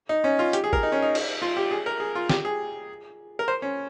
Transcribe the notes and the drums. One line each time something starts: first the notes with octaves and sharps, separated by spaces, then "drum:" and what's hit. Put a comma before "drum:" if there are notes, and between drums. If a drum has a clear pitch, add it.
D#4
C#4
F4
G4, drum: hi-hat
G#4
A#4, drum: kick A1
D#4
C#4
D#4
drum: cymbal
F4
G4
G#4
A#4
G#4
F4
G4, drum: snare
G#4
A#4
C5
C#4